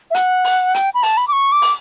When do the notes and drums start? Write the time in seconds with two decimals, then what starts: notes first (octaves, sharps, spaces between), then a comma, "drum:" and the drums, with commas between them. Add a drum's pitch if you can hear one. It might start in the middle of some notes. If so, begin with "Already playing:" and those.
0.11 E5
0.15 F#5, drum: hi-hat
0.44 drum: open hi-hat
0.74 G5, drum: hi-hat
0.94 B5
1.03 A5, drum: open hi-hat
1.17 B5
1.28 D6
1.32 C#6
1.52 D6
1.62 drum: open hi-hat